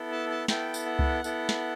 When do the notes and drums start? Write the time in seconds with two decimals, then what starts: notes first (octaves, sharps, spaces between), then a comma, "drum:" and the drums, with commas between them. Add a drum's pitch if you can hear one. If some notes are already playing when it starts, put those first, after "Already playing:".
Already playing: B3 E4 A4
0.12 A5
0.31 A5
0.48 B3 E4 A4 G5, drum: snare
0.74 drum: tambourine
0.86 F#5
0.99 drum: kick C#2
1.24 B3 E4 A4, drum: tambourine
1.49 drum: snare